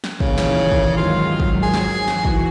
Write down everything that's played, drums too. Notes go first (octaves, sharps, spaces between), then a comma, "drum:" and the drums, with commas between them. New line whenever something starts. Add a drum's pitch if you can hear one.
drum: snare
D#2 A#2 C#3 E3, drum: kick
drum: snare
drum: kick
G#2 D#3 F#3 F4
drum: kick
G#4
drum: snare
E3 F#4, drum: snare
drum: kick